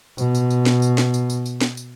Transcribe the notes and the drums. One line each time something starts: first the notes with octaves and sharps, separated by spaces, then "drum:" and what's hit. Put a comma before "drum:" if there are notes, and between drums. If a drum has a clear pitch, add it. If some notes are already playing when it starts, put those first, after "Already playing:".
B2, drum: tambourine
drum: tambourine
drum: tambourine
drum: snare
drum: tambourine
drum: snare
drum: tambourine
drum: tambourine
drum: tambourine
drum: snare
drum: tambourine